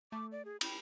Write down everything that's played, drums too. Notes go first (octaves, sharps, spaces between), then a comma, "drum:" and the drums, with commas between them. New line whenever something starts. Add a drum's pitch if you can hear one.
A3 D6
D5
G#4
G5 B5, drum: cymbal